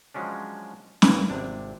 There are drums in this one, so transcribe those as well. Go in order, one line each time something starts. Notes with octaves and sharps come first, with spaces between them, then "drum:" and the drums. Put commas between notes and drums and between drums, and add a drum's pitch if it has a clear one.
F3 F#3 G#3 C#4 D4
F2 E3 G3 A#3, drum: snare
G#1 C3 D4